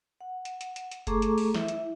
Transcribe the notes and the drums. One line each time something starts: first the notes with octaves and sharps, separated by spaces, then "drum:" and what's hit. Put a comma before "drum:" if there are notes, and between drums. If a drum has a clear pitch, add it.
F#5
drum: hi-hat
drum: hi-hat
drum: hi-hat
drum: hi-hat
A3 G#4 A4 A#5 C#6 D6, drum: kick F#1, hi-hat
drum: hi-hat
drum: open hi-hat
E4 E5, drum: snare
drum: hi-hat